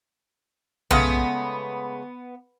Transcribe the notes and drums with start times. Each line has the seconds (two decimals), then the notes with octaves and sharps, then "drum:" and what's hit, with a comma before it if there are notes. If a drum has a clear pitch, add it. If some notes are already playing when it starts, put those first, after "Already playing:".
0.91 C#3 G#3 A3 B3, drum: tom B1